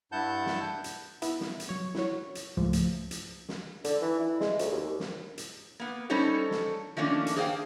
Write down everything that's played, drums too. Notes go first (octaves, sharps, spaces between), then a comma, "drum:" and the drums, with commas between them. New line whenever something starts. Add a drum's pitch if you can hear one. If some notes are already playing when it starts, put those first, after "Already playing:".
G2 E4 F#5 A5 G6
drum: snare
drum: hi-hat
B3 E4, drum: hi-hat
drum: snare
drum: hi-hat
F#3 C#5
E4 F#4 C#5, drum: snare
drum: hi-hat
C#2 G#2 F3 A3
drum: hi-hat
drum: hi-hat
drum: snare
D3, drum: hi-hat
E3
E4
G#3, drum: snare
D2, drum: hi-hat
D#2
drum: snare
drum: hi-hat
A#3 B3
G3 C#4 D#4 A4 C5 C#5
drum: snare
D#3 F3 A3 A#3 C#4 D4
drum: hi-hat
G#4 C5 D5 F5 G5